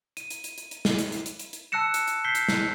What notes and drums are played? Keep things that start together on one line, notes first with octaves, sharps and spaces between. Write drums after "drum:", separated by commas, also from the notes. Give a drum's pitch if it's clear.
D#7, drum: hi-hat
drum: hi-hat
drum: hi-hat
drum: hi-hat
drum: hi-hat
drum: snare
drum: hi-hat
drum: hi-hat
drum: hi-hat
drum: hi-hat
drum: hi-hat
A5 E6 F#6 A#6 C#7 E7
drum: hi-hat
drum: hi-hat
G6 B6 C7 G7
drum: hi-hat
drum: snare